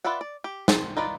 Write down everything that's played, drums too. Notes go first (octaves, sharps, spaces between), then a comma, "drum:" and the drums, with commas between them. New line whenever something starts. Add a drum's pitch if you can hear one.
F4 B4 D5 E5 F#5
D5
G4
C4 A5, drum: snare
D#4 F4 B4 D5